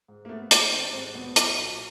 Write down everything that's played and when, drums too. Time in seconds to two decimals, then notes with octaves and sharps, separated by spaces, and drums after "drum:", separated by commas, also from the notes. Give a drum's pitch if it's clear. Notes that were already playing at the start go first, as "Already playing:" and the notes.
0.08 G#2
0.25 A#3
0.29 A3 B3
0.51 G3 A#3, drum: hi-hat
0.72 D#3 C4
0.93 G#2 C4
1.15 B1 B3
1.36 F#3, drum: hi-hat
1.57 A#2